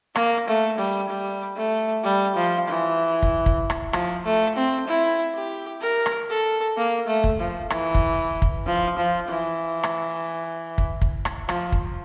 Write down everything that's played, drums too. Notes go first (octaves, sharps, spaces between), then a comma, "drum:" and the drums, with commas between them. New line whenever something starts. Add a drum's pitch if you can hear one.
A#3, drum: rim click
A3
G3
G3
A3
G3
F3
E3
drum: kick
drum: kick
drum: rim click
F3, drum: rim click
A3
C4
E4
G4
A#4
drum: rim click
A4
A#3
A3
drum: kick
F3
E3, drum: rim click
drum: kick
drum: kick
F3
F3
E3
drum: rim click
drum: kick
drum: kick
drum: rim click
F3, drum: rim click
drum: kick